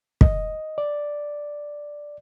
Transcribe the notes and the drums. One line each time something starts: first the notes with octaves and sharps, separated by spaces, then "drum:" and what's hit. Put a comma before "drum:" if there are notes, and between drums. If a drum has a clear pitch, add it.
D#5, drum: kick
D5